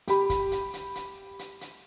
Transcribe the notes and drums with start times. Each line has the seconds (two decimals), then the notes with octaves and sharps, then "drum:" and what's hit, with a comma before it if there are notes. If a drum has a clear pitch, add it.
0.08 G4 B5, drum: hi-hat
0.30 drum: kick, hi-hat
0.51 drum: hi-hat
0.73 drum: hi-hat
0.95 drum: hi-hat
1.39 drum: hi-hat
1.61 drum: hi-hat